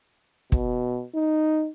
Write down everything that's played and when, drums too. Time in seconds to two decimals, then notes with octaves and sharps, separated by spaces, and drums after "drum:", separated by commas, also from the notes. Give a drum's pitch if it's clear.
0.52 B2, drum: kick
1.15 D#4